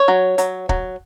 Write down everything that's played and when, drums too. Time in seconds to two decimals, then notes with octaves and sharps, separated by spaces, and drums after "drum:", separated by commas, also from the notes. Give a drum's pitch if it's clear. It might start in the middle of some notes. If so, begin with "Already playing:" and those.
Already playing: C#5
0.08 F#3
0.38 F#3, drum: hi-hat
0.69 F#3, drum: kick